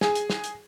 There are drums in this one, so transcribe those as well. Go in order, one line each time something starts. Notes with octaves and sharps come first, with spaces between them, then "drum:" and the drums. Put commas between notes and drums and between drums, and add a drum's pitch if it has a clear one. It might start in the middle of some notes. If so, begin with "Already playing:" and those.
G#4, drum: snare
drum: hi-hat
drum: snare
drum: hi-hat